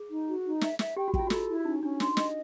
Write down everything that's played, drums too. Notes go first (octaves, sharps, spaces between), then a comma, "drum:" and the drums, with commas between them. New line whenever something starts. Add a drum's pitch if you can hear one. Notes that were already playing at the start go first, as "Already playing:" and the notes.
Already playing: G#4
D#4
F#4
D#4
E5, drum: snare
E5, drum: snare
G4 G5
F#4
G5, drum: kick
F4
F#4
F4 A4, drum: snare
E4
C#4 D#4
C#4 D4
D4 C6, drum: snare
D4 D#5, drum: snare